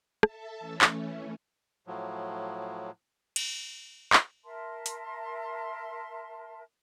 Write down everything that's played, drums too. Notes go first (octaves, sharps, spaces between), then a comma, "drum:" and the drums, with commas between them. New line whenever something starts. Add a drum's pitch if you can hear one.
A4 E5 A5, drum: rim click
E3 A3 C#4
drum: clap
A2 F3 F#3
drum: cymbal
drum: clap
A#4 E5 A5 C6
drum: hi-hat